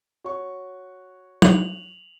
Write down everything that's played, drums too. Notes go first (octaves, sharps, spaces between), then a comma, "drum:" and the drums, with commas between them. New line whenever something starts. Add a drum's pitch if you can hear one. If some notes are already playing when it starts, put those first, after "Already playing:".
F#4 C#5 C#6
F7 F#7, drum: tom F#3